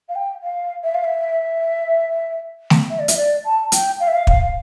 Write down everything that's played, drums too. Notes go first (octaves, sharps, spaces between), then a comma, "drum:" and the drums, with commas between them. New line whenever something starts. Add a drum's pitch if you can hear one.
F5
G5
F5
E5
F5
E5
drum: snare A3
E5
D5
E5, drum: hi-hat
D5
A5
G5, drum: hi-hat
F5
E5
F5
F5, drum: kick